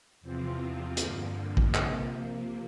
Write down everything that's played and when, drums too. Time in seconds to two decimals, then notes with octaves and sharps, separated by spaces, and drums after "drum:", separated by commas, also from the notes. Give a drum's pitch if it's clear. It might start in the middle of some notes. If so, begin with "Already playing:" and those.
0.21 E2 C3 F3 C4 F4
0.97 G2 D3 F3 A#3, drum: hi-hat
1.57 drum: kick A#1
1.74 C3 F3 A#3, drum: clap